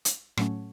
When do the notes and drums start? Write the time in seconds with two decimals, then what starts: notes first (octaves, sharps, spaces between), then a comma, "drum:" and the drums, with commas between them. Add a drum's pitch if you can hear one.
0.05 drum: hi-hat
0.37 A2 F#3 A3 C#4, drum: rim click